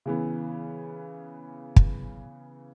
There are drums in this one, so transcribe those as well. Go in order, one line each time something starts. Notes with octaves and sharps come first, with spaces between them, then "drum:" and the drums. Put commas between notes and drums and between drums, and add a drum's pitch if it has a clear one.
C#3 E3 B3
drum: kick